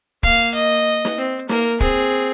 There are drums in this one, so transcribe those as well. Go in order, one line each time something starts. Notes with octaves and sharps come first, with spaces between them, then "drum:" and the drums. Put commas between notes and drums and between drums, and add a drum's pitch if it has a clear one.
A#3 F5, drum: kick
D#5
drum: snare
C4
A#3 A#4, drum: snare
C4 G#4, drum: kick